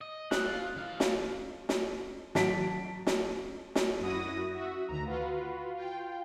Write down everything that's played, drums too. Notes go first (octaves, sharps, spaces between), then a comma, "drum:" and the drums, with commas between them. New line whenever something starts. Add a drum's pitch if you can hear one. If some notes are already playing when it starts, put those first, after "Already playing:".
D#5
G3 C4 F#6, drum: snare
F4
E3 F5
drum: snare
drum: snare
F#3 A5 B6 D7, drum: snare
drum: snare
drum: snare
F#2 E4 F#4 D#6 A#6
F#4 E5
D2 D#3 A#5
F4 F#4 B4
F4 G5